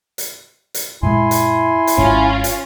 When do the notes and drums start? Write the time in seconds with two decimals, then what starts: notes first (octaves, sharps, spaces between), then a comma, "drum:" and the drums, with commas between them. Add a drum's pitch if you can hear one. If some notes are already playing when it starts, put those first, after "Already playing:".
0.18 drum: hi-hat
0.74 drum: hi-hat
1.03 F#2 A#2 G#3 E4 G#5 C6
1.31 drum: hi-hat
1.87 drum: hi-hat
1.98 G#1 G#2 C#4 F4
2.44 drum: hi-hat